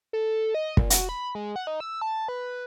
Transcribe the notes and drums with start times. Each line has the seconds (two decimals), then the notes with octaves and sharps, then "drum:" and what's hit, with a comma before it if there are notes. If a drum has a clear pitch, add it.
0.13 A4
0.54 D#5
0.77 A#2, drum: kick
0.90 F#4, drum: hi-hat
1.09 B5
1.35 G#3
1.56 F#5
1.67 D#4
1.80 E6
2.02 A5
2.28 B4